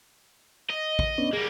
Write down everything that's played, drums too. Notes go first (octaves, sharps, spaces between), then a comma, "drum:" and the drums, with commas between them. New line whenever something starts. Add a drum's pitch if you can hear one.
D#5
drum: kick
B3 C#4 D4
G3 A#3 G#4